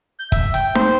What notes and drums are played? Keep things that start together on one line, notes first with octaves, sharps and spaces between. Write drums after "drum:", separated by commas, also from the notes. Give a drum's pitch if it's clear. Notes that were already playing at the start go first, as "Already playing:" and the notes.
G6
E5, drum: kick, hi-hat
G5, drum: hi-hat
C5, drum: snare D#4